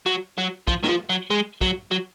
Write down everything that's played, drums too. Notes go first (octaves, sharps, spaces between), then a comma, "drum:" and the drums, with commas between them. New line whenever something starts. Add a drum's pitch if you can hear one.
F#3
F#3
F3, drum: kick
D#3, drum: snare
F3
F#3
G#3
F#3, drum: kick
F#3